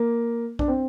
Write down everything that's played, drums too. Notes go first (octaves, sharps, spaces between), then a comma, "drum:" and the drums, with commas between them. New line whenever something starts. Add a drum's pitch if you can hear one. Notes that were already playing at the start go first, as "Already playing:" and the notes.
Already playing: A#3
D4, drum: kick A#1
C4